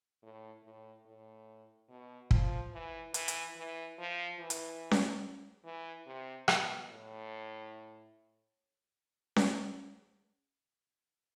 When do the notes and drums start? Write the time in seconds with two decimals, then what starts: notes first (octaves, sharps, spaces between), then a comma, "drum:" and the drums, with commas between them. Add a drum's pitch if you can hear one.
0.23 A2
0.64 A2
1.05 A2
1.89 B2
2.31 F3, drum: kick
2.73 E3
3.14 E3, drum: hi-hat
3.28 drum: hi-hat
3.56 E3
3.98 F3
4.39 E3
4.50 drum: hi-hat
4.91 drum: snare C#4
5.65 E3
6.06 C3
6.48 B2, drum: rim click
6.90 A2
9.36 drum: snare C#4